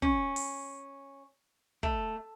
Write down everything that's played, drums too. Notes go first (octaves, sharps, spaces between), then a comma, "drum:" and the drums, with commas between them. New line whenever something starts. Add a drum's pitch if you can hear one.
C#4, drum: kick
drum: open hi-hat
A3, drum: kick